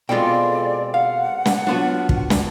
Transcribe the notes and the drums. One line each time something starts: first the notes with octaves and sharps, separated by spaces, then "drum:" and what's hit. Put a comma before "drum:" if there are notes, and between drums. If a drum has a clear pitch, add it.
B2 G#3 A#3 C4 F4 A4 D5 G5
F5 F#5
drum: snare
F#3 B3 D4 F4 F#4 B4
drum: kick
drum: snare